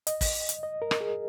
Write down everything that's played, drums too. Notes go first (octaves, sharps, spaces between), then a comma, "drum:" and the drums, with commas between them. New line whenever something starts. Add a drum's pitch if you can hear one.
D#5, drum: hi-hat
drum: kick, open hi-hat
drum: hi-hat
D#5
A#4
drum: rim click
G#4